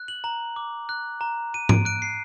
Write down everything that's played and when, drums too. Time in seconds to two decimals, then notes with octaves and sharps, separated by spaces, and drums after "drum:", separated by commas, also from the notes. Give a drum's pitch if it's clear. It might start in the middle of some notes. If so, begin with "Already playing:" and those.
Already playing: F#6
0.08 F#7
0.24 A#5 F#7
0.56 D6
0.89 F#6
1.21 A#5
1.54 A#5 D#7
1.69 D7, drum: tom G#2
1.85 F#6 D7
2.02 C7